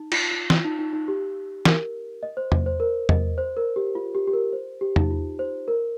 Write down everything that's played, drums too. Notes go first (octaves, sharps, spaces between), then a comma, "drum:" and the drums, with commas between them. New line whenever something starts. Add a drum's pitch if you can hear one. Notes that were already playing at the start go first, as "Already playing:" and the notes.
Already playing: D#4
F4, drum: cymbal
F4
F4, drum: snare
D#4
D#4
D#4
G4
A#4, drum: snare
D#5
C5
D#5, drum: tom E2
C5
A#4
D#5, drum: tom E2
C5
A#4
G4
F4
G4
G4
A#4
C5
G4
D#4, drum: tom E2
F4
C5
A#4